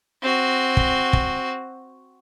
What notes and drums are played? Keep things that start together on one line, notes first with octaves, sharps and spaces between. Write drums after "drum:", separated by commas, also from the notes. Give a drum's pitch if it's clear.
C4 F#4
drum: kick
drum: kick